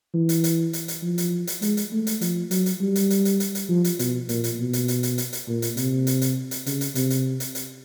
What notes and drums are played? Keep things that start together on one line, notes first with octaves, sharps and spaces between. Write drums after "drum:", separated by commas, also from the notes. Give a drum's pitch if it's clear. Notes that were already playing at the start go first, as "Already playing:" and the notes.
E3
drum: hi-hat
drum: hi-hat
drum: hi-hat
drum: hi-hat
F3
drum: hi-hat
drum: hi-hat
G#3, drum: hi-hat
drum: hi-hat
A3
drum: hi-hat
F3, drum: hi-hat
F#3, drum: hi-hat
drum: hi-hat
G3
drum: hi-hat
drum: hi-hat
drum: hi-hat
drum: hi-hat
drum: hi-hat
F3
drum: hi-hat
B2, drum: hi-hat
A#2, drum: hi-hat
drum: hi-hat
B2
drum: hi-hat
drum: hi-hat
drum: hi-hat
drum: hi-hat
drum: hi-hat
A#2
drum: hi-hat
C3, drum: hi-hat
drum: hi-hat
drum: hi-hat
drum: hi-hat
C#3, drum: hi-hat
drum: hi-hat
C3, drum: hi-hat
drum: hi-hat
drum: hi-hat
drum: hi-hat